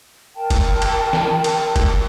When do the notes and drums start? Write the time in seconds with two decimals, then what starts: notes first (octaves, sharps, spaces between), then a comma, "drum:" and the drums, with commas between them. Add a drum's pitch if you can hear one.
0.35 A#4 G5 A5
0.50 drum: kick, cymbal
0.82 drum: cymbal
1.13 drum: snare
1.44 drum: cymbal
1.76 drum: kick, cymbal